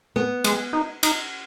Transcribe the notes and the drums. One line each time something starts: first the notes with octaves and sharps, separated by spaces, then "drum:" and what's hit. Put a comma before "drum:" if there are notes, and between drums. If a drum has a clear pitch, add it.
B3
G#3, drum: cymbal
D#4
D#4, drum: cymbal